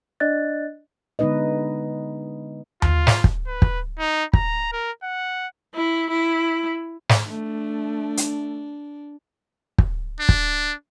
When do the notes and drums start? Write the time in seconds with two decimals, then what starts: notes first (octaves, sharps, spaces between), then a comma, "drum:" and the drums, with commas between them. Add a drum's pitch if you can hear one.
0.20 D4 D5 D#5 F#6 A6
1.19 D3 G#3 B3 D#4 B4 D#5
2.82 F4, drum: tom D#2
3.07 drum: snare
3.24 drum: kick
3.47 B4
3.62 drum: kick
3.99 D#4
4.33 A#5, drum: kick
4.72 A#4
5.03 F#5
5.75 E4
6.10 E4
7.09 drum: snare
7.27 A3 D4
8.17 drum: hi-hat
9.78 drum: kick
10.19 D4
10.29 drum: kick